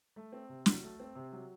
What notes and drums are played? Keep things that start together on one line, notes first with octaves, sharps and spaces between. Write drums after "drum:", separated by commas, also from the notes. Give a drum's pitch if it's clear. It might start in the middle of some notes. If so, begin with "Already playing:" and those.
A3
C4
C3
F#3, drum: snare
A3
C4
C3
F#3